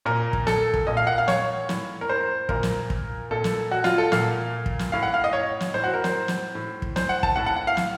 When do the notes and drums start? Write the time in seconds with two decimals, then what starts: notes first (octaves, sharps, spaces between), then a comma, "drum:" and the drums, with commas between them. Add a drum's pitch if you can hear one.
0.05 A#2 A#4
0.33 drum: kick
0.47 A4, drum: snare
0.74 drum: kick
0.87 A#2 D#5
0.97 F5
1.07 F#5
1.18 F5
1.28 C#5, drum: snare
1.69 A2, drum: snare
2.01 A#4
2.09 C5
2.49 A#2 A#4, drum: kick
2.63 drum: snare
2.90 drum: kick
3.31 A#2 A4
3.44 drum: snare
3.71 F#4
3.84 F4, drum: snare
3.98 A4
4.12 A#2 F5, drum: snare
4.66 drum: kick
4.79 drum: snare
4.92 A2 F5
5.03 F#5
5.14 F5
5.24 D#5
5.33 C#5
5.60 drum: snare
5.74 A2 C5
5.84 F#4
5.94 A#4
6.04 C5, drum: snare
6.28 drum: snare
6.55 A2
6.82 drum: kick
6.96 C5, drum: snare
7.09 F#5
7.23 A5, drum: kick
7.36 A2 F#5
7.46 F#5
7.56 F#5
7.67 F5
7.77 drum: snare